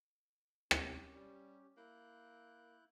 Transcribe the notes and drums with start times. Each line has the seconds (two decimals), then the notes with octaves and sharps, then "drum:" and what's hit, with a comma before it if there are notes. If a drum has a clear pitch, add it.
0.71 C#4 G4, drum: rim click
1.15 G3
1.77 A#3 E4 F#6 G6